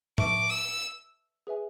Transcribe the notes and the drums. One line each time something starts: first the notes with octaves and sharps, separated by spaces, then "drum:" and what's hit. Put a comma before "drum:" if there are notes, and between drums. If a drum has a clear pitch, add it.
B4 E5 A5 C#6 D6, drum: tom A2
E6
G#4 B4 E5 G#5